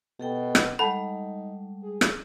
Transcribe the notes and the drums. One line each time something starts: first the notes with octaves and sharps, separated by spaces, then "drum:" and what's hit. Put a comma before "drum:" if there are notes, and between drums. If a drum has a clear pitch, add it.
B2 G4 A4 G5
drum: rim click
G3 G#3 D#4 A4 F#5 A5 B5
G#4
drum: rim click